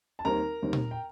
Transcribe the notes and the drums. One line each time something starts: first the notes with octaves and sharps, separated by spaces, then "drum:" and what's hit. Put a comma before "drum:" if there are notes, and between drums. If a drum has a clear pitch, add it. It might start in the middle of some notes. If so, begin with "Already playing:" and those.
A5
D#2 D#3 G3 C4 A#4 A#5
D#2 D#3 G3 C4
drum: tom A#2
G5